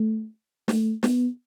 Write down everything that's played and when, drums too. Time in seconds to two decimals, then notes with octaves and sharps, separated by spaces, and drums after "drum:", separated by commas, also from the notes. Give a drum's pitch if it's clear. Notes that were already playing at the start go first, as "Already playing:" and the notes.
Already playing: A3
0.68 A3, drum: snare
1.03 B3, drum: snare